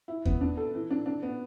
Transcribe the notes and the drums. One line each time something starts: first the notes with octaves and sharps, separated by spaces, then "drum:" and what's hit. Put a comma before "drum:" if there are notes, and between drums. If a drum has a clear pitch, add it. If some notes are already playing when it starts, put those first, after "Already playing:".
E4
B3, drum: kick E2
D4
A4
E3
D4
D4
B3